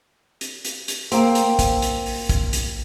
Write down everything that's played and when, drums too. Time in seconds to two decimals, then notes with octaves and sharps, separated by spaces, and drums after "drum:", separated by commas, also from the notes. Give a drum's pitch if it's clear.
0.41 drum: hi-hat
0.65 drum: hi-hat
0.88 drum: hi-hat
1.12 A#3 C4, drum: hi-hat
1.35 drum: hi-hat
1.59 drum: kick, hi-hat
1.82 drum: hi-hat
2.06 drum: open hi-hat
2.29 drum: kick, hi-hat
2.53 drum: hi-hat